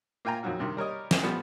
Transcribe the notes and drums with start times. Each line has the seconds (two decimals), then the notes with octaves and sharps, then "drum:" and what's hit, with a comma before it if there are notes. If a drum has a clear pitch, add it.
0.25 A#3 F4 G5 G#5 A#5
0.43 F2 D#3 F#3 F#4 F5
0.59 G2 C3 D#3
0.77 G3 A#4 C#5 D#5
1.11 drum: snare
1.22 F3 G3 A3 B3